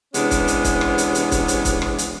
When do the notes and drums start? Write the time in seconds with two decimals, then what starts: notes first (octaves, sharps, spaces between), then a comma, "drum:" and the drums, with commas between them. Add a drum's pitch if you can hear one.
0.14 C3 E3 G#3 B3 C#4 D4, drum: hi-hat
0.31 drum: kick C#1, hi-hat
0.48 drum: hi-hat
0.64 drum: kick C#1, hi-hat
0.81 drum: rim click
0.98 drum: hi-hat
1.15 drum: hi-hat
1.31 drum: kick C#1, hi-hat
1.48 drum: hi-hat
1.65 drum: kick C#1, hi-hat
1.82 drum: rim click
1.98 drum: hi-hat